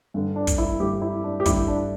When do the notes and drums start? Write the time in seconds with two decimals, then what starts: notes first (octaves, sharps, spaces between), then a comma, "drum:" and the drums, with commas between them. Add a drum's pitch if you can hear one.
0.14 G2 D3
0.36 D4
0.47 drum: kick, hi-hat
0.58 E4
0.80 G2 D3 G4
1.02 E4
1.24 D4
1.40 G4
1.46 G2 D3 E4, drum: kick, hi-hat
1.68 D4